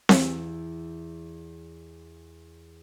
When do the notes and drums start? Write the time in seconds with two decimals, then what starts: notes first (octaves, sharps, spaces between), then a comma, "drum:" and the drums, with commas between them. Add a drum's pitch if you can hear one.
0.09 E2 E6, drum: snare C4